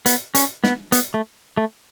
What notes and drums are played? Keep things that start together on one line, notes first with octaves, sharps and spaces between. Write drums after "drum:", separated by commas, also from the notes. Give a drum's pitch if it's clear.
B3, drum: hi-hat
C#4, drum: hi-hat
B3, drum: snare
B3, drum: hi-hat
A3
A3